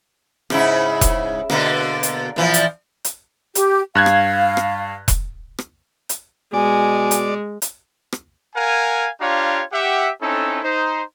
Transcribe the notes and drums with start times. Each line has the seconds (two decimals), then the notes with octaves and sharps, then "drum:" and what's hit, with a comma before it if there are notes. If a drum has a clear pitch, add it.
0.50 G#2 C#3 E4, drum: rim click
1.01 drum: kick E1, hi-hat
1.50 B2 D3 A#3, drum: rim click
2.03 drum: hi-hat
2.36 A#2 E3 F3
2.54 drum: hi-hat
3.05 drum: hi-hat
3.55 G4, drum: hi-hat
3.95 G2 F5 F#6 G#6
4.06 drum: rim click
4.57 drum: rim click
5.08 drum: kick E1, hi-hat
5.59 drum: rim click
6.09 drum: hi-hat
6.54 B2 G#3 D5 G#5
7.11 drum: hi-hat
7.62 drum: hi-hat
8.13 drum: rim click
8.56 A#4 F5 F#5 G#5
9.20 D4 F4 G4 C#5 F5 A#5
9.72 G4 E5 F#5
10.21 C4 C#4 D#4 E4 A4
10.63 D#4 C5